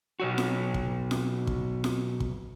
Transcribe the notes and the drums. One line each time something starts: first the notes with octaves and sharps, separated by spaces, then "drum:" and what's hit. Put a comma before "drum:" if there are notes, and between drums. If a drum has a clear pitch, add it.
B2 F#3 F#4
drum: snare
drum: kick
drum: snare
drum: kick
drum: snare
drum: kick